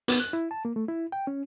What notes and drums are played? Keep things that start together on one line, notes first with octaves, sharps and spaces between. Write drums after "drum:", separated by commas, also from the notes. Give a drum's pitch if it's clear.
B3, drum: hi-hat
F#6
E4
A5
A#3
A3
E4
G5
C#4